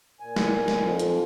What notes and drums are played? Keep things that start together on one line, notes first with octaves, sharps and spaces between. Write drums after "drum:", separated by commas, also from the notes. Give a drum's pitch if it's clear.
A#2 G#5
drum: snare
drum: snare
F2
drum: hi-hat